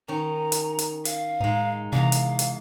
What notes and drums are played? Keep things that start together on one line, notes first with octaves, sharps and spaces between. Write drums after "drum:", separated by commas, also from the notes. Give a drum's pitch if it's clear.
D#3 C#4 A#5
drum: hi-hat
drum: hi-hat
F5, drum: hi-hat
A2 G#3 D#4
E2 C3 F5 A#5
drum: hi-hat
drum: hi-hat